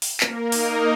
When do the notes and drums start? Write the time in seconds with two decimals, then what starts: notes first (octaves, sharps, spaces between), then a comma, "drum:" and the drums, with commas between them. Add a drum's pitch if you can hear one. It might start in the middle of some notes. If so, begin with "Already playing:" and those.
0.02 drum: open hi-hat
0.20 A#3 A#4, drum: clap
0.52 D#4 D#5, drum: open hi-hat